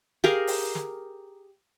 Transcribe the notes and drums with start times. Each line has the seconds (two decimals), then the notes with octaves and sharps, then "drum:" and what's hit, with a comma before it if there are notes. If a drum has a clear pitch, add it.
0.24 G4 G#4 A#4 F5, drum: snare
0.47 drum: open hi-hat
0.75 drum: snare